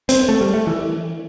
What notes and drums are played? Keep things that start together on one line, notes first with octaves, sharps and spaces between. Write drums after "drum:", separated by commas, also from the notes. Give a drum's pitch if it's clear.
C4, drum: hi-hat
A3
G3
A3
E3